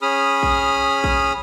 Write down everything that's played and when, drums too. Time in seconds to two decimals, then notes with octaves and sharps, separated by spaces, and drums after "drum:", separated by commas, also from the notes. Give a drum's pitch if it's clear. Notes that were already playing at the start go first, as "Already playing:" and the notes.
0.02 C#4 G#4 B5 D#6 F6
0.43 drum: kick A#1
1.04 drum: kick A#1